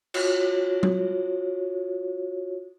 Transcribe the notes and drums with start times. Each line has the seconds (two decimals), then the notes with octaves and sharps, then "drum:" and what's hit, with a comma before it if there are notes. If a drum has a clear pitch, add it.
0.14 F4 F#4 C#5, drum: cymbal
0.83 drum: tom F#3